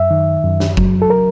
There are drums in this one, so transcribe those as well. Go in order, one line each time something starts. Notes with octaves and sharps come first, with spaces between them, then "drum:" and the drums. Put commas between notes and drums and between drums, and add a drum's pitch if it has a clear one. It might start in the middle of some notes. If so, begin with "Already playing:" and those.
Already playing: F#2 E5
D#3
F#2
drum: snare
F#3, drum: kick F#1
A4
A#4